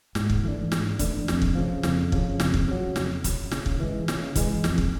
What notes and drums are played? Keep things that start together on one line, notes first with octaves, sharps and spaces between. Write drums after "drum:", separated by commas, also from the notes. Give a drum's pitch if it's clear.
G#2, drum: snare
drum: kick
E3 A3 D4
G#2, drum: snare
E3 A3 D4, drum: kick, hi-hat
F2, drum: snare
drum: kick
C#3 F3
F2, drum: snare
C#3 F3, drum: kick
F2, drum: snare
drum: kick
C#3 F#3
F2, drum: snare
C#3 F#3, drum: kick, hi-hat
C#3, drum: snare
drum: kick
E3 G#3
C#3, drum: snare
E3 G#3, drum: kick, hi-hat
F2, drum: snare
drum: kick